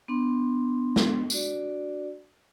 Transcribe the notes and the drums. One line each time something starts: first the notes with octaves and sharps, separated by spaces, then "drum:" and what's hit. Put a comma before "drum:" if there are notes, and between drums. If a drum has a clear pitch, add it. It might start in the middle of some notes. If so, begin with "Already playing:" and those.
B3 D4 C6
drum: snare
D4 F#4 D5, drum: tambourine